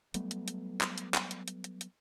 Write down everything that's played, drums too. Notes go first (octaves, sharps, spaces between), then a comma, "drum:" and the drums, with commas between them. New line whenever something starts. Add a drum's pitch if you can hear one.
F#3 G3 A3 B3, drum: hi-hat
drum: hi-hat
drum: hi-hat
drum: clap
drum: hi-hat
drum: clap
drum: hi-hat
drum: hi-hat
drum: hi-hat
drum: hi-hat